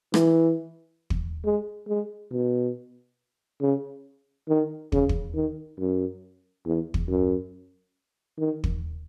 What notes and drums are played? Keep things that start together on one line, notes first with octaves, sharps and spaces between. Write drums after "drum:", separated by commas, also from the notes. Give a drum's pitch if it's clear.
E3, drum: rim click
drum: kick
G#3
G#3
B2
C#3
D#3
C#3, drum: kick
drum: kick
D#3
F#2
E2
drum: kick
F#2
D#3
drum: kick